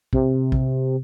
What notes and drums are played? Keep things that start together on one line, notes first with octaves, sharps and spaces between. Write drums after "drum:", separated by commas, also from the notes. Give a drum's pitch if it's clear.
C3, drum: kick
drum: kick